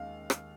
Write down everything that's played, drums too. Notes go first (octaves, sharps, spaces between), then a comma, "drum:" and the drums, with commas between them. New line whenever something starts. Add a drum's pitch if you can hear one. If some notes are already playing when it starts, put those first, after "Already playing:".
Already playing: D#2 G#3 D#5 F5
drum: rim click